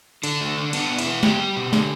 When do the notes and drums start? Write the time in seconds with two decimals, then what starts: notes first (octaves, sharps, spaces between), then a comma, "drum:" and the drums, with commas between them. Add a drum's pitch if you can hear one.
0.23 D3 D4, drum: cymbal
0.41 A3
0.57 D3
0.73 B3 D4, drum: cymbal
0.90 B2
0.99 E4, drum: cymbal
1.07 B3
1.23 B3 G4, drum: snare
1.40 G3
1.56 B2
1.73 D3, drum: snare